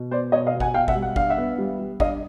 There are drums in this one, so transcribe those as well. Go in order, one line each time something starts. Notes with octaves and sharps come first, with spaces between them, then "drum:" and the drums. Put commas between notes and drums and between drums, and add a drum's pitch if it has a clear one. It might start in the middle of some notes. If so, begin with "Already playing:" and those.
Already playing: B2
B3 C5 D5
B2 C#5 D#5
D#5 F5
B2
F#5 G#5, drum: kick
B2 F5 G5
E5 F#5, drum: kick
G3
F#5
D4 F5, drum: kick
E5 F#5
B3
G3
G3
D4 D#5 F5, drum: kick